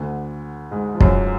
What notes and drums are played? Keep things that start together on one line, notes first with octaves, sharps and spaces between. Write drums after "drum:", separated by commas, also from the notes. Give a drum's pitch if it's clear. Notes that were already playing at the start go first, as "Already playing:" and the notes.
Already playing: D2 D3
G#2 G#3
F3
F#2 F#3, drum: kick